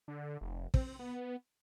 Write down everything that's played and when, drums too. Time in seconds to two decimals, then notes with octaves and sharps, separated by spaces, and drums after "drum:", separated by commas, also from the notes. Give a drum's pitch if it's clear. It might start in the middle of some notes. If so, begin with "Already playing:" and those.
0.08 D3
0.41 F1
0.74 C4, drum: kick
0.99 B3